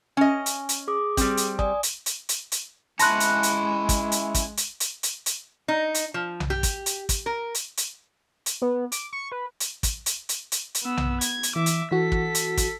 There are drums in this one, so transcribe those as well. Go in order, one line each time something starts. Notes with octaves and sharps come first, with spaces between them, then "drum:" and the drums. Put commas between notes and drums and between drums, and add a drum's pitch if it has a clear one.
C#4 D#5 G#5
drum: hi-hat
drum: hi-hat
G#4 D6 D#6
G3 C4, drum: kick, hi-hat
drum: hi-hat
D5 G#5 D#6, drum: kick
drum: hi-hat
drum: hi-hat
drum: hi-hat
drum: hi-hat
G#3 C#4 E4 A5 B5 C6 F#6 A#6, drum: hi-hat
drum: hi-hat
drum: hi-hat
drum: kick, hi-hat
drum: hi-hat
drum: kick, hi-hat
drum: hi-hat
drum: hi-hat
drum: hi-hat
drum: hi-hat
D#4
drum: hi-hat
F3
drum: tom B1
G4
drum: kick, hi-hat
drum: hi-hat
drum: kick, hi-hat
A#4
drum: hi-hat
drum: hi-hat
drum: hi-hat
B3
D6, drum: hi-hat
C#6
B4
drum: hi-hat
drum: kick, hi-hat
drum: hi-hat
drum: hi-hat
drum: hi-hat
drum: hi-hat
B3 E6
drum: tom B1
G#6, drum: hi-hat
drum: hi-hat
E3 E5 D6
drum: hi-hat
E3 F#4 A4 B6
drum: kick
drum: hi-hat
drum: kick, hi-hat